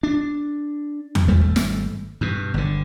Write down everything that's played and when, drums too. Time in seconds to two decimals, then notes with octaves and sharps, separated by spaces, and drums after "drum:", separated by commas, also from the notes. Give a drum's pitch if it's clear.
0.03 D4
1.15 drum: tom E2
1.28 G#1 G3 A3
1.56 drum: snare
2.21 G2 B2
2.54 G1 D3